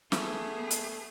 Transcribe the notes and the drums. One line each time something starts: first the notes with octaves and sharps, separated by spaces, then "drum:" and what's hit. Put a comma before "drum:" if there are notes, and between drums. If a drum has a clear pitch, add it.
A3 B3 G#4, drum: snare
drum: hi-hat